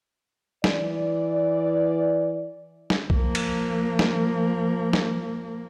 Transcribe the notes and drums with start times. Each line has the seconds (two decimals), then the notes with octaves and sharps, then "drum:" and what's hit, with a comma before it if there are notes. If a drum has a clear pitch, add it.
0.64 E3 D5, drum: snare
2.90 drum: snare
3.10 F3 A#3, drum: kick B1
3.35 drum: cymbal
3.99 drum: snare
4.93 drum: snare